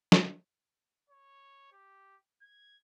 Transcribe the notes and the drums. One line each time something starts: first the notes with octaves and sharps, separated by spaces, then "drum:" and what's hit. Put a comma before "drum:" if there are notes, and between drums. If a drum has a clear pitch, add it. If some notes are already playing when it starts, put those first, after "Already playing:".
drum: snare
C#5
G4
G#6